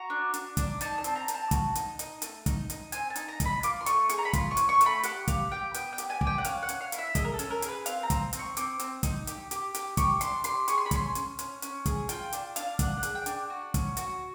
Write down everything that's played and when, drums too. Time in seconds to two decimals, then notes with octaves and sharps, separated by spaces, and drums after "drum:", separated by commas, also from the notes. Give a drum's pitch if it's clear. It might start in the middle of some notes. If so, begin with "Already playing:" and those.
Already playing: F#4 A#5
0.10 D4
0.34 D4, drum: hi-hat
0.57 D4, drum: kick, hi-hat
0.81 D#4 A5, drum: hi-hat
0.98 A5
1.04 C4, drum: hi-hat
1.16 A#5
1.28 C4, drum: hi-hat
1.34 A5
1.51 F#4, drum: kick, hi-hat
1.75 D#4, drum: hi-hat
1.99 D#4, drum: hi-hat
2.22 A3, drum: hi-hat
2.46 D#4, drum: kick, hi-hat
2.70 D#4, drum: hi-hat
2.92 C4 G#5, drum: hi-hat
3.10 A5
3.16 D#4, drum: hi-hat
3.28 A#5
3.40 D#4, drum: kick, hi-hat
3.45 B5
3.63 F4 D6, drum: hi-hat
3.81 C6
3.86 A3 C#6, drum: hi-hat
4.09 G#4 C#6, drum: hi-hat
4.18 A#5
4.25 B5
4.33 F4 C6, drum: kick, hi-hat
4.51 C#6
4.57 C#4, drum: hi-hat
4.69 C#6
4.81 A3, drum: hi-hat
4.86 B5
5.03 G4 F#5, drum: hi-hat
5.28 G4 F5, drum: kick, hi-hat
5.51 G4 G5
5.74 B3 G5, drum: hi-hat
5.93 G5
5.98 G4, drum: hi-hat
6.10 G#5
6.21 G4, drum: kick
6.27 G5
6.38 F#5
6.45 C#4 F5, drum: hi-hat
6.63 F#5
6.69 C#4, drum: hi-hat
6.81 F5
6.92 E4, drum: hi-hat
6.98 E5
7.15 G#4 D#5, drum: kick, hi-hat
7.24 A#4
7.34 A4
7.39 C#4, drum: hi-hat
7.50 A#4
7.62 G#4, drum: hi-hat
7.68 B4
7.86 C4 F5, drum: hi-hat
8.03 A#5
8.10 C4, drum: kick, hi-hat
8.33 C4, drum: hi-hat
8.39 C#6
8.57 C4 D6, drum: hi-hat
8.79 C4, drum: hi-hat
9.03 D#4, drum: kick, hi-hat
9.27 G4, drum: hi-hat
9.51 G4, drum: hi-hat
9.75 G4, drum: hi-hat
9.97 G4 C#6, drum: kick, hi-hat
10.21 D4 C6, drum: hi-hat
10.44 G4 C6, drum: hi-hat
10.68 G#4 C#6, drum: hi-hat
10.78 C6
10.86 B5
10.91 C#4 C6, drum: kick, hi-hat
11.15 C#4, drum: hi-hat
11.39 C#4, drum: hi-hat
11.62 C#4, drum: hi-hat
11.86 G#4, drum: kick, hi-hat
12.09 F4 G5, drum: hi-hat
12.33 D4, drum: hi-hat
12.56 D4 F5, drum: hi-hat
12.79 D4 F#5, drum: kick, hi-hat
12.97 F#5
13.03 G#4, drum: hi-hat
13.15 G5
13.26 D4, drum: hi-hat
13.50 F#4
13.74 C#4, drum: kick, hi-hat
13.97 F#4, drum: hi-hat